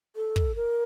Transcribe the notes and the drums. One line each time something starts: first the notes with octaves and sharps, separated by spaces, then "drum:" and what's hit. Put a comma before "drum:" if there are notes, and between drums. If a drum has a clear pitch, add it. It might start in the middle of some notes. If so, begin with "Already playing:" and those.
A4
drum: kick
A#4